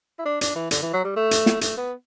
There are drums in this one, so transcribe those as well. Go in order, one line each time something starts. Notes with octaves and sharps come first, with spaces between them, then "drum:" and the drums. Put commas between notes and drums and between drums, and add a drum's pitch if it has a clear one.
E4
D4
D4, drum: hi-hat
E3
D3, drum: hi-hat
E3
F#3
G3
A3
drum: hi-hat
drum: snare
A3, drum: hi-hat
B3